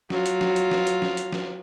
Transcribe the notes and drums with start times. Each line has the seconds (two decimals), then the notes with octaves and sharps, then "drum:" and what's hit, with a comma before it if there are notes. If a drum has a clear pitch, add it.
0.10 F#3 F4, drum: snare
0.26 drum: hi-hat
0.41 drum: snare
0.56 drum: hi-hat
0.71 drum: snare
0.87 drum: hi-hat
1.02 drum: snare
1.17 drum: hi-hat
1.33 drum: snare